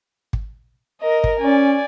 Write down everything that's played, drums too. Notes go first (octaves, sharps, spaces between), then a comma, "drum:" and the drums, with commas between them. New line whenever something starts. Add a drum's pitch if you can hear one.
drum: kick
A#4 D#5
drum: kick
C#4 D5 G#5